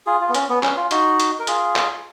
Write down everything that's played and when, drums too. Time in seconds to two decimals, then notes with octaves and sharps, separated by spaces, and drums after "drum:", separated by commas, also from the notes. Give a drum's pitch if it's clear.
0.06 F4 G#4
0.21 F4
0.29 B3
0.34 C#4, drum: hi-hat
0.49 B3
0.63 C#4, drum: clap
0.77 F4
0.91 D#4 F#4, drum: hi-hat
1.20 drum: hi-hat
1.40 A#4
1.47 F4 G#4, drum: hi-hat
1.76 drum: clap